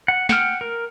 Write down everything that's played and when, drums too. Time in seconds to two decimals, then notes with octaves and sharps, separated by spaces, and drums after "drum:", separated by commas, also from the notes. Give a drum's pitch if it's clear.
0.08 F#5
0.29 F#5 G5 F6, drum: snare
0.61 A#4